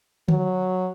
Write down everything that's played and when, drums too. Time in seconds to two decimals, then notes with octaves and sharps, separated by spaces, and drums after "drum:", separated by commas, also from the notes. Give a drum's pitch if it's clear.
0.28 F#3, drum: tom D3